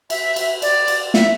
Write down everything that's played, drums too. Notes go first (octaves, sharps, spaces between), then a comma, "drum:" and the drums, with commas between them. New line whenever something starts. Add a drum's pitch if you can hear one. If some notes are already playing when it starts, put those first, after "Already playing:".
E5, drum: cymbal
drum: cymbal
D5, drum: cymbal
drum: cymbal
E5, drum: snare